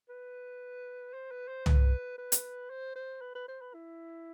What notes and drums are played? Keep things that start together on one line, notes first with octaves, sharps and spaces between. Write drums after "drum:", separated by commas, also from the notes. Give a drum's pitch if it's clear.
B4
C5
B4
C5
B4, drum: tom
B4
drum: hi-hat
C5
C5
B4
B4
C5
B4
E4